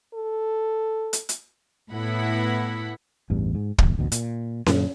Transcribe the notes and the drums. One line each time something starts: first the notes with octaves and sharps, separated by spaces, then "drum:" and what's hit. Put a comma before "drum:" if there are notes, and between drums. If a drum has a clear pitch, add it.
A4
drum: hi-hat
drum: hi-hat
A2 B3 E4 F#5 B5
A1 E2 G2
G#2
F#1 D#2, drum: kick
A1 D2 B2
A#2, drum: hi-hat
F#2 A#2 D3, drum: snare C#4